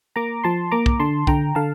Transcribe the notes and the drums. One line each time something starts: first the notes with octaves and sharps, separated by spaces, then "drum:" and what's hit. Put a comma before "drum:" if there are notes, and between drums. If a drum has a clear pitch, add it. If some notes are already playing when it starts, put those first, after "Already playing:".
A#3 A#5 D6
F3 A5 C6
A#3 A#5 D6
drum: kick
D3 A5 C6
D3 G5 A#5, drum: kick
D3 F5 A5